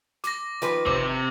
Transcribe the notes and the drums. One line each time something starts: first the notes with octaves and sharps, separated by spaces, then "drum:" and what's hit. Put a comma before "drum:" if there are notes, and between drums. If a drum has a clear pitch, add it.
D6 A#6, drum: snare
D#3 F3 B4, drum: snare
C3 C4 D6, drum: kick G1